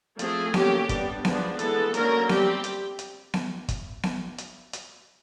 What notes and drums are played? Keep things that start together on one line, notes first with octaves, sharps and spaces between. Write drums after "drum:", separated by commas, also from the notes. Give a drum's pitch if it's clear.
F3 A3 C4 G#4, drum: hi-hat
D3 F#3 A#3 C#4 G4, drum: snare B3
G3 B3 D4, drum: kick, hi-hat
F3 G#3 B3 D4, drum: snare B3
E3 G#3 B3 A4, drum: hi-hat
D3 F#3 A#3 C#4 A#4, drum: hi-hat
G3 C4 G4, drum: snare B3
drum: hi-hat
drum: hi-hat
drum: snare B3
drum: kick, hi-hat
drum: snare B3
drum: hi-hat
drum: hi-hat